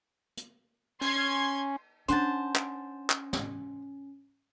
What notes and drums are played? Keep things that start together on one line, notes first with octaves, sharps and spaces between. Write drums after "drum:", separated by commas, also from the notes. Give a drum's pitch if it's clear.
drum: hi-hat
C#4 C6 G#6, drum: cymbal
C#4 D4 C5 F#5 A5, drum: hi-hat
drum: clap
drum: clap
drum: snare